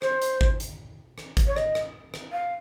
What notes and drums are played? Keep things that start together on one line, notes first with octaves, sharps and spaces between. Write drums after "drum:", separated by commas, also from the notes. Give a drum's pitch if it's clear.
C5, drum: rim click
drum: hi-hat
drum: kick G#1
drum: hi-hat
drum: rim click
drum: kick G#1, hi-hat
C#5
D#5, drum: rim click
drum: rim click
drum: rim click
F5